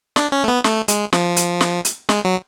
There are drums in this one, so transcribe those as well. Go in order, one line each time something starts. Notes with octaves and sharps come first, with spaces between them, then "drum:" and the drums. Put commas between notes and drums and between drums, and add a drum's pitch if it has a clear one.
D4, drum: snare
C#4
A3
B3
A3, drum: snare
G#3, drum: hi-hat
F3, drum: snare
drum: hi-hat
drum: snare
drum: hi-hat
G#3, drum: snare
F#3